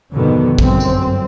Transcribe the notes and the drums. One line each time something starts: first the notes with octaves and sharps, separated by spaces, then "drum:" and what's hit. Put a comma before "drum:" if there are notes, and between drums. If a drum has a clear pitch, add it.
F2 G#2 B2 D3 D#3 B3
G1 F#2 C4, drum: kick
drum: tambourine